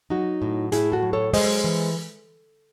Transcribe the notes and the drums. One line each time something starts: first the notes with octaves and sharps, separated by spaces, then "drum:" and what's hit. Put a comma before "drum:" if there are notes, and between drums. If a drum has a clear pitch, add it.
F#3 D#4 F#4
A2
A2 E4 G#4, drum: hi-hat
F#4 A4
F#3
A4 C#5
G#3 C5 D#5, drum: open hi-hat
E3